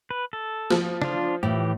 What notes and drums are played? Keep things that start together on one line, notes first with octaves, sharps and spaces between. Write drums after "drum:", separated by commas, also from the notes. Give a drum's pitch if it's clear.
B4
A4
F3, drum: snare
D4 F4, drum: tom C#3
A2 E3 G4